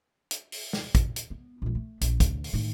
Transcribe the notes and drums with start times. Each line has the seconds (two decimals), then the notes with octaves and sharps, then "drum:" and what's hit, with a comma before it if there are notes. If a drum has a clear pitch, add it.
0.31 drum: hi-hat
0.52 drum: open hi-hat
0.73 drum: snare
0.95 drum: kick, hi-hat
1.16 drum: hi-hat
1.30 B3
1.62 A#1 G2
1.75 A3
2.01 A#1, drum: hi-hat
2.20 D2, drum: kick, hi-hat
2.44 drum: open hi-hat
2.53 A2 D#3